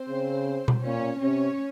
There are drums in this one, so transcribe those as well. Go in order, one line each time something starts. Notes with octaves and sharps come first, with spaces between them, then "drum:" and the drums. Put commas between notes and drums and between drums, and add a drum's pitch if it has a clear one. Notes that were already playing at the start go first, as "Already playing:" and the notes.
Already playing: C4 C5
C#3
drum: tom B2
A#2 C#4 C#5
C3 C#4 C#5